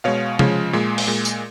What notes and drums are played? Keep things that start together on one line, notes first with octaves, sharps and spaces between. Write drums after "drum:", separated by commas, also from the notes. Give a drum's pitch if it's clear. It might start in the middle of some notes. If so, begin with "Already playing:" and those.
B2 G#3 C#5 F5
C#3 F3 G#3, drum: tom C3
A#2 G#3
drum: open hi-hat
A#2 G#3
drum: tambourine